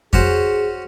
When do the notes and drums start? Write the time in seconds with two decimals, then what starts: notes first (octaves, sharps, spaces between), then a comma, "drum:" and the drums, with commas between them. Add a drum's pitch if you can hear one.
0.13 C#4 F#4 G#4 C5, drum: kick F2